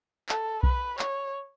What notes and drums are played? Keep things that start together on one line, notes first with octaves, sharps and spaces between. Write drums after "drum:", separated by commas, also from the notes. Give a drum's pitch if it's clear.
A4, drum: clap
B4, drum: kick B1
C#5, drum: clap